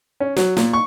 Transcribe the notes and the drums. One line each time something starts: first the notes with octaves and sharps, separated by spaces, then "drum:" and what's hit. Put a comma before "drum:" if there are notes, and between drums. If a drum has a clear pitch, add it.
C#4
F#3, drum: snare
A#2, drum: snare
C#6